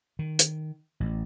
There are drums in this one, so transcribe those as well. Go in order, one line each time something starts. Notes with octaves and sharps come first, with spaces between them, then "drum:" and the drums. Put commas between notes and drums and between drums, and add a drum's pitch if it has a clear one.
D#3
drum: hi-hat
A1